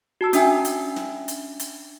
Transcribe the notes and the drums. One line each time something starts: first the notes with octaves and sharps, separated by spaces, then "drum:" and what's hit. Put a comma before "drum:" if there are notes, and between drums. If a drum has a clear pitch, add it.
F#4 A5 E6
C#4 D4 E5 G5 G#5, drum: hi-hat
drum: hi-hat
drum: snare
drum: hi-hat
drum: hi-hat